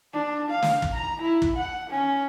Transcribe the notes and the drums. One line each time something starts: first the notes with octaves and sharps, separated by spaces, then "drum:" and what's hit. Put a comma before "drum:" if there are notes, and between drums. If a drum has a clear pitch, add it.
D4
F5
drum: snare
drum: kick
A#5
E4
drum: kick
F#5
C#4